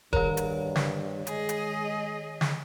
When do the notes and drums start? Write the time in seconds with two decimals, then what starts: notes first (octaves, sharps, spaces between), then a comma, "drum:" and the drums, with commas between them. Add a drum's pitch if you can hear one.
0.13 G2 D#3 A#4 C#5, drum: kick E1
0.37 drum: hi-hat
0.76 drum: snare
1.27 G#3 G#4 D#5, drum: hi-hat
1.49 drum: hi-hat
2.41 drum: snare